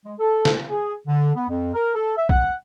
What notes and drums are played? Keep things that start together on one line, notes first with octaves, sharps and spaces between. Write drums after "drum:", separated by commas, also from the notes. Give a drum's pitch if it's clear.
G#3
A4
drum: snare
G#4
D3
B3
F2
A#4
A4
E5
F#5, drum: kick